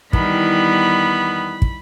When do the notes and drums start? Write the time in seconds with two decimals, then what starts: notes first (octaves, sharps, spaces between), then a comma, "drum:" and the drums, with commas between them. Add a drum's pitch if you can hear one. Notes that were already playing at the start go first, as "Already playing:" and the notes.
0.13 E2 D#3 G3 B3 B5, drum: kick
1.62 drum: kick